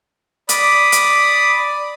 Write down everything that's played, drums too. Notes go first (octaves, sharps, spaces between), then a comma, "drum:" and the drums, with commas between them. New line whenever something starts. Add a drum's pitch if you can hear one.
D5 B5 D#6, drum: hi-hat
drum: hi-hat